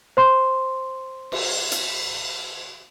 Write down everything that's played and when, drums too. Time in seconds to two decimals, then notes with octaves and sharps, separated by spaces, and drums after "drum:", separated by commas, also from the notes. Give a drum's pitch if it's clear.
0.17 C5 C6
1.32 drum: cymbal
1.72 drum: hi-hat